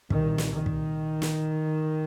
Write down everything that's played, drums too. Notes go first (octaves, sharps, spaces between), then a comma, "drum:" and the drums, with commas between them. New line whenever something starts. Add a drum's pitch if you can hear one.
C2 A#2 D#3, drum: kick
drum: snare
D#3
drum: kick
drum: snare